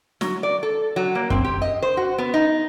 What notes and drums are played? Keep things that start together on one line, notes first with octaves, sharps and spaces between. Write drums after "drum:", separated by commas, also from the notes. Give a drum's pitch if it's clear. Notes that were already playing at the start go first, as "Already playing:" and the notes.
F#3, drum: snare
D5
A4
F#3
A#3
C4, drum: kick F#2
G4
D#5
C5
F#4
B3
D#4